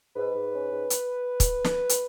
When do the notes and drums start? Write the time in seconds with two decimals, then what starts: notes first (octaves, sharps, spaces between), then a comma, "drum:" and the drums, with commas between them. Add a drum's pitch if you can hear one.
0.16 G#2 B4
0.35 G#2
0.53 C#4
0.72 G#2
0.90 drum: hi-hat
1.40 drum: kick, hi-hat
1.65 drum: snare
1.89 drum: hi-hat